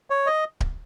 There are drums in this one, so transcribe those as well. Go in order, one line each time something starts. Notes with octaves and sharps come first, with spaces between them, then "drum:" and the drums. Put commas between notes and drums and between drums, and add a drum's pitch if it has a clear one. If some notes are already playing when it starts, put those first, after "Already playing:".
C#5
D#5
drum: kick D1